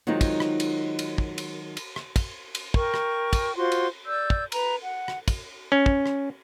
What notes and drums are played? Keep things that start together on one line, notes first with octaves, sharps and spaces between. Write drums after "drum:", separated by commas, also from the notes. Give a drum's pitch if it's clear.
D#3 F#3 G#3 C4 D#4 F4
drum: kick, cymbal
drum: rim click
drum: cymbal
drum: cymbal
drum: kick
drum: cymbal
drum: cymbal
drum: rim click
drum: kick, cymbal
drum: cymbal
A#4 G5 C#6, drum: kick
drum: rim click
drum: kick, cymbal
F4 F#4 C5 C6
drum: cymbal
D5 E6 G6
drum: kick
B4 A#5, drum: cymbal
F#5
drum: rim click
drum: kick, cymbal
C#4
drum: kick
drum: rim click